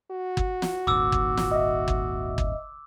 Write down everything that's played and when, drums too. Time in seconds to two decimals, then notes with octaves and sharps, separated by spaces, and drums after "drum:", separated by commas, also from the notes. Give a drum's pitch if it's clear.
0.11 F#4
0.37 drum: kick
0.62 drum: snare
0.87 D#1 G#1 D#2 D6 E6
1.12 drum: kick
1.37 drum: snare
1.51 D#5 E5
1.88 drum: kick
2.38 drum: kick